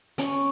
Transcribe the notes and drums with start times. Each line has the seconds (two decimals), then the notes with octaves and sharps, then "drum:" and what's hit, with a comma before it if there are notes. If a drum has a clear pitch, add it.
0.18 C#4, drum: hi-hat